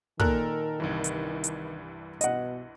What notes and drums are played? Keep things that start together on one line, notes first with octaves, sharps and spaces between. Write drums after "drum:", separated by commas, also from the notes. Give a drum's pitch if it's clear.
A#2 D#3 A4 A#4 F#6, drum: kick
C2 G2 E3
drum: hi-hat
drum: hi-hat
B2 D#5 F#5, drum: hi-hat